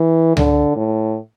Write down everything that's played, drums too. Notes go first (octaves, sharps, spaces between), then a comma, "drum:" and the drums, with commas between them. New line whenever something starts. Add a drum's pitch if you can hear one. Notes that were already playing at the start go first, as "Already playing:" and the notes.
Already playing: E3
D3, drum: tom C#2
A2